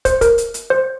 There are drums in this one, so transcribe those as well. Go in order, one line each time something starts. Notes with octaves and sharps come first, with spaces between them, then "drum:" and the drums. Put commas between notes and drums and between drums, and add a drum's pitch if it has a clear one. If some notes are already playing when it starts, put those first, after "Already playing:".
C5, drum: kick, hi-hat
A#4, drum: kick, hi-hat
drum: hi-hat
drum: hi-hat
C5